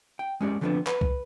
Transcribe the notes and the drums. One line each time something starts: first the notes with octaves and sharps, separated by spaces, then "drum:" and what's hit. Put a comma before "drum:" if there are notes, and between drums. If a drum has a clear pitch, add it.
G5
G#3 C#4 G4 D5
D3 F3 G#3 B3 C4 D4
B4, drum: clap
drum: kick C2